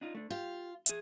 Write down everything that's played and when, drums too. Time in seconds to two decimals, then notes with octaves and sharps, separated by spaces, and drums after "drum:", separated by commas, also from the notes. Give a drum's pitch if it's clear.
0.01 D4 D#4 F4
0.15 A3 D4
0.30 F4 G4
0.86 G#4 E5, drum: hi-hat